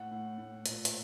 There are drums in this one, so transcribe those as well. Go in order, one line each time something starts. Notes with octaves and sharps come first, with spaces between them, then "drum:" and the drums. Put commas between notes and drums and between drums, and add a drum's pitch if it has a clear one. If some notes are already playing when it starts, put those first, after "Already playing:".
Already playing: A2 F#5
A2
A2
A#2, drum: hi-hat
drum: hi-hat